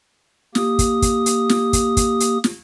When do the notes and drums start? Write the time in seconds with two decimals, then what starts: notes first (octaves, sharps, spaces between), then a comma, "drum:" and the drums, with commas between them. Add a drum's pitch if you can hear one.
0.55 A#3 G4 D#6, drum: snare
0.79 drum: kick, hi-hat
1.02 drum: kick, hi-hat
1.26 drum: hi-hat
1.49 drum: snare
1.73 drum: kick, hi-hat
1.97 drum: kick, hi-hat
2.20 drum: hi-hat
2.44 drum: snare